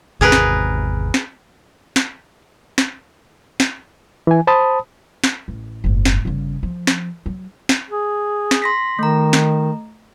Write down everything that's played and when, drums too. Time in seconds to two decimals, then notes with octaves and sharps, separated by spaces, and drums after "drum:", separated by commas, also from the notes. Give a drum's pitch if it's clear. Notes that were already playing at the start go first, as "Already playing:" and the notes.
0.21 G#1 E2 C3 G#4 A#4 B4
0.32 drum: snare
1.14 drum: snare
1.96 drum: snare
2.78 drum: snare
3.60 drum: snare
4.27 E3 G#5
4.47 C5 A5 B5 D#6
5.24 drum: snare
5.48 A1
5.84 F#1 G#2
6.05 drum: snare
6.25 G1 C#3
6.63 F3
6.87 drum: snare
7.26 F#3
7.69 drum: snare
7.90 G#4
8.51 drum: snare
8.62 C6 A#6 B6
8.99 D#3 A3 A#5
9.33 drum: snare